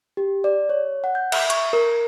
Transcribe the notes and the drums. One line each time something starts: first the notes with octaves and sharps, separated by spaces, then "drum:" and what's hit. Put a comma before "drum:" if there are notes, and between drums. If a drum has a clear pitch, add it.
G4
D5
C#5
F#5
G6
E5, drum: cymbal
C#6, drum: hi-hat
A#4